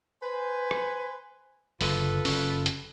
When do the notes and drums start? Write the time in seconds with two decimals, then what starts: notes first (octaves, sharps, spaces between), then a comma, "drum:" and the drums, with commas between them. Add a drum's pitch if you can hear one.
0.22 B4 C5 G#5
0.71 drum: rim click
1.81 F#1 D3 F4 A4 B4, drum: open hi-hat
2.25 F#1 C#4, drum: open hi-hat
2.66 drum: hi-hat